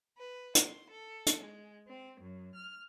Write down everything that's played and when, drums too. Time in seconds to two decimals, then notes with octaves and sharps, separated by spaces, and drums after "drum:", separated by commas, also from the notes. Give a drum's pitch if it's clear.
0.16 B4
0.55 C6, drum: hi-hat
0.90 A4
1.26 drum: hi-hat
1.40 G#3
1.88 C4
2.20 F#2
2.55 F6